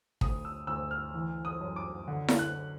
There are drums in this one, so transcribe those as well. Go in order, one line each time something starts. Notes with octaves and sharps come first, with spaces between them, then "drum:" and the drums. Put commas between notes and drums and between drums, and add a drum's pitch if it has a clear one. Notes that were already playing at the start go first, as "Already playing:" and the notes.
D2 D#6, drum: kick
E6
D2 E6
F6
E3
D#6
F#2
D6
D3
drum: snare E4
F#6